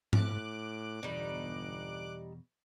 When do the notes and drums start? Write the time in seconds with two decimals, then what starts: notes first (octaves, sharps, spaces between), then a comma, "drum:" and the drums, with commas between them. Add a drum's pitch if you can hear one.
0.13 A2 D6 F#6, drum: tom G#2
1.03 G1 E2 G#2 B2 G3 D#4